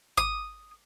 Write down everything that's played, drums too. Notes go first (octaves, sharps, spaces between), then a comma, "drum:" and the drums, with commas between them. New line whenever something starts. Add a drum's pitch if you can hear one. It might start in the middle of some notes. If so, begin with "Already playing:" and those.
D#6, drum: kick G#1